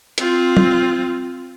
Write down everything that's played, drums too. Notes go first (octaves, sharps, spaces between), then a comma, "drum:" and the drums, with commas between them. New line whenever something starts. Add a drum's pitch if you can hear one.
C4 F4, drum: hi-hat
drum: tom